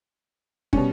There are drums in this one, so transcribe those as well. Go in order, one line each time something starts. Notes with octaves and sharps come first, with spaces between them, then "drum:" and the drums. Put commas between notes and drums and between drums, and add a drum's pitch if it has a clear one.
B2 G3 C#4, drum: kick